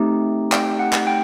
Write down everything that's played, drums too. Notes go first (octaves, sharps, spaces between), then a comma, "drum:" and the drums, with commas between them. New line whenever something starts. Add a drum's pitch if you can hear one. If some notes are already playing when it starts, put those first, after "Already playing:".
Already playing: A3 C4 D#4 G4
G5, drum: clap
F#5
drum: clap
G5